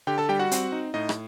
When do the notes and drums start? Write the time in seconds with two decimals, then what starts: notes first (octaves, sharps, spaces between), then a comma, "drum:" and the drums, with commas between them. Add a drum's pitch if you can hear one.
0.07 D3 G4 G5
0.18 A4 A5
0.29 G3 G4 G5
0.39 F#4 F#5
0.51 C4, drum: hi-hat
0.72 D#4
0.94 A2 D#4 D#5
1.09 drum: rim click